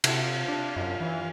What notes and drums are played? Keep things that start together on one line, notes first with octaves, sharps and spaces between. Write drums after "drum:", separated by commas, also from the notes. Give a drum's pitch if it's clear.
C3 E4 F#4 A4, drum: cymbal
F4
D4
F#2
E3